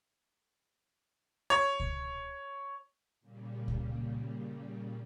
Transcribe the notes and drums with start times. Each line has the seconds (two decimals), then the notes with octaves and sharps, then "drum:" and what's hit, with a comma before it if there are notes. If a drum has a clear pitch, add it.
1.50 C#5
1.80 drum: kick C#2
3.21 A#2 C#3 G3
3.68 drum: kick C#2